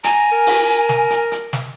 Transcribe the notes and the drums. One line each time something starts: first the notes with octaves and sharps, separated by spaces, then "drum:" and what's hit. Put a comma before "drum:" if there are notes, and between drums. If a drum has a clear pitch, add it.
G#5 A#5, drum: hi-hat
A#4
drum: open hi-hat
drum: snare
drum: hi-hat
drum: hi-hat
drum: snare